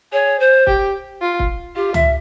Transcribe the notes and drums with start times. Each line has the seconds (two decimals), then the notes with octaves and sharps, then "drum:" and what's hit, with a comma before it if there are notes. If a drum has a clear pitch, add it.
0.12 G#4 C#5
0.40 C5
0.67 G4, drum: kick
1.21 F4
1.39 drum: kick
1.76 F4 G4
1.94 E5, drum: tom C#2